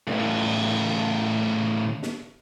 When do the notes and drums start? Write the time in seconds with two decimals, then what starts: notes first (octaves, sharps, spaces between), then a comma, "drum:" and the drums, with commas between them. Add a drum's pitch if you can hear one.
0.07 A2 C#3, drum: cymbal
2.03 drum: snare